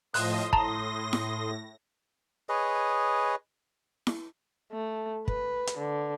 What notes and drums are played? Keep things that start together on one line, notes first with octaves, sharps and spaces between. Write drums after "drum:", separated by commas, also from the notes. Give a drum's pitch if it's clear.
A2 F3 D#5 C6 D#6 F#6, drum: open hi-hat
A2 A5 A#5 A#6, drum: kick
drum: snare E4
G#4 B4 C#5 D#5
drum: snare E4
A3
B4, drum: kick
drum: hi-hat
D3